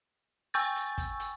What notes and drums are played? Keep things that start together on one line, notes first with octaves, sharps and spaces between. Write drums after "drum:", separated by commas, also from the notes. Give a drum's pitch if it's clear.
G5 G#5 C#6 E6 G6 A6, drum: hi-hat
drum: hi-hat
drum: kick, hi-hat
drum: hi-hat